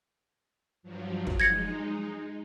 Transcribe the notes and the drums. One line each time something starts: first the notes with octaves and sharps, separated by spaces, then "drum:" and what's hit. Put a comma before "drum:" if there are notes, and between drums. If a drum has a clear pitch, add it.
G2 F3 F#3
drum: kick
G#3 D#4 G#6 A#6 C#7